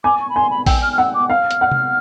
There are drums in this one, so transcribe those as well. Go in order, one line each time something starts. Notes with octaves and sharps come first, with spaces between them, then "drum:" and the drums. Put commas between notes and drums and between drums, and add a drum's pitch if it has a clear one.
G#5 D6
C#6
B5
G#5 C6
B5
G5 E6, drum: kick A#1, open hi-hat
F6
F6
F#5 E6
D6
F5 F6
drum: hi-hat
F#5
drum: tom C3